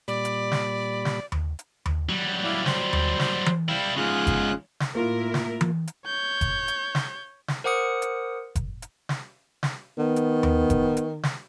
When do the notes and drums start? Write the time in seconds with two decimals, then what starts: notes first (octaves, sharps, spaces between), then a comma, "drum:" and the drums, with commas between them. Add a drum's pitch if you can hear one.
0.08 A#2 G3 D5 B5
0.25 drum: hi-hat
0.52 drum: snare
1.05 drum: snare
1.32 drum: tom D#2
1.59 drum: hi-hat
1.86 drum: tom D#2
2.09 F#3 G3
2.44 E4 D5 F5
2.66 C5, drum: snare
2.93 drum: tom D#2
3.20 drum: snare
3.46 drum: tom E3
3.69 G3 E4 F5 G5
3.97 G#2 C#3 F4 G#4 F#6
4.27 drum: kick F#1, hi-hat
4.80 drum: snare
4.95 A2 A#3 E4 F4 A#4
5.34 drum: snare
5.61 drum: tom E3
5.88 drum: hi-hat
6.06 C#5 G6
6.41 drum: kick F#1, hi-hat
6.68 drum: hi-hat
6.95 drum: snare
7.48 drum: snare
7.64 A#4 C5 F#5 D6 D#6 C#7
8.02 drum: hi-hat
8.55 drum: kick F#1, hi-hat
8.82 drum: hi-hat
9.09 drum: snare
9.63 drum: snare
9.98 D#3 B3
10.16 drum: hi-hat
10.43 drum: tom D#2
10.70 drum: kick F#1, hi-hat
10.97 drum: hi-hat
11.23 drum: snare